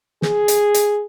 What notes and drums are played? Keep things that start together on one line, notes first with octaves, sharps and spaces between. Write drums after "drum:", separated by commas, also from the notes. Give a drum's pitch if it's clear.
G#4, drum: snare
drum: hi-hat
drum: hi-hat